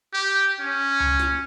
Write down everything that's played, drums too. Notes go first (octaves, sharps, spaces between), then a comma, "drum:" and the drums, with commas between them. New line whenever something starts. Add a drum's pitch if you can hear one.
G4
C#4
drum: tom C#2
drum: snare